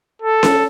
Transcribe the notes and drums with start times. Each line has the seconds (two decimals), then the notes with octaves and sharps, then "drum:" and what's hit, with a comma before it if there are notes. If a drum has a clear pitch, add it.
0.22 A4
0.43 drum: snare C#4